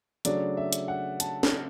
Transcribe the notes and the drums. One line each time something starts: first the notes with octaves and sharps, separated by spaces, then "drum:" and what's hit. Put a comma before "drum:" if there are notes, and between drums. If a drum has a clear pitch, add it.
C#3 F#3 A3 D4 D5, drum: hi-hat
E5
drum: hi-hat
F#5
A5, drum: hi-hat
drum: snare